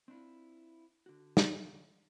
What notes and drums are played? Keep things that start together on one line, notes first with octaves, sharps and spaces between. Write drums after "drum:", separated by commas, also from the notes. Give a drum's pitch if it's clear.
C4 D4 E4 F4
D3 F#4
drum: snare